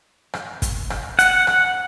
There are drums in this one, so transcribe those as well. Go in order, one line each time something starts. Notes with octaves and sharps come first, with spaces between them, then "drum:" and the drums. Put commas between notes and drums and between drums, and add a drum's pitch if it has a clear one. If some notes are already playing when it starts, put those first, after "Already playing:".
drum: rim click
drum: kick, hi-hat
drum: rim click
F#5, drum: hi-hat
drum: rim click